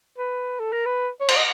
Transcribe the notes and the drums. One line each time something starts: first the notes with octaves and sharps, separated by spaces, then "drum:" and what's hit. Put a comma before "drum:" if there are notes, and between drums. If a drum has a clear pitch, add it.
B4
A4
A#4
B4
C#5
C5, drum: cymbal
D#5